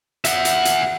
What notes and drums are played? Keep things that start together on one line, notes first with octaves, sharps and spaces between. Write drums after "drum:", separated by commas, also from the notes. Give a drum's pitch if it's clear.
E5 F#5, drum: hi-hat
drum: hi-hat
drum: hi-hat